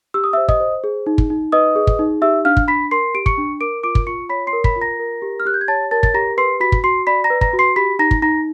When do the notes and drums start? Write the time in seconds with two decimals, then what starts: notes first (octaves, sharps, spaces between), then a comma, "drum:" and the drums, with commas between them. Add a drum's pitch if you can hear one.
0.14 G4 E6
0.24 D#6
0.33 C5 E5 E6
0.48 D#5 D#6, drum: kick
0.60 C5
0.84 G#4
1.07 D#4
1.18 drum: kick
1.30 D#4
1.52 B4 D#5 D#6
1.76 G#4
1.87 drum: kick
1.99 D#4
2.22 G4 E5 E6
2.45 D4 F5 F6
2.57 drum: kick
2.68 D4 B5 B6
2.91 A#4 C6 C7
3.15 G4 D7
3.26 C#6 C#7, drum: kick
3.38 D4
3.61 A#4 D6 D7
3.83 F4 D6 D7
3.95 drum: kick
4.07 F4 C#6 C#7
4.29 C#5 B5 B6
4.47 C6 C7
4.53 A#4
4.64 B5 B6, drum: kick
4.76 F4
4.81 A#5 A#6
4.99 A#4
5.22 G4
5.40 F6
5.46 G4 F#6
5.54 G6
5.61 G#6
5.68 C#5 A5 A6
5.91 A#4 A5 A6
6.03 A6, drum: kick
6.14 G4 A#5 A#6
6.38 B4 C6 C7
6.60 F#4 B5 B6
6.72 drum: kick
6.84 F#4 C6 C7
7.07 D5 B5 B6
7.24 A#5 A#6
7.30 B4
7.41 A#5 A#6, drum: kick
7.53 F#4
7.59 C6 C7
7.76 G4 B5 B6
7.99 D#4 A#5 A#6
8.11 drum: kick
8.22 D#4 A#5 A#6